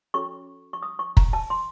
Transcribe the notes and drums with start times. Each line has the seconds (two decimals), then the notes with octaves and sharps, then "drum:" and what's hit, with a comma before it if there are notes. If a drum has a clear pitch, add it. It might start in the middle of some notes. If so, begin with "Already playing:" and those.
0.14 C#4 F#4 A4 C#5 C#6
0.73 C#6
0.83 D#6
0.99 C#6
1.17 A#5, drum: kick
1.33 A5
1.50 C6